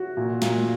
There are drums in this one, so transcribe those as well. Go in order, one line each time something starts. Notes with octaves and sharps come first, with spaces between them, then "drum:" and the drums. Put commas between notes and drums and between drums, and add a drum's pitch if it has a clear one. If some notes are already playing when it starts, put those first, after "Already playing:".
Already playing: F#4
A#2
A#2, drum: snare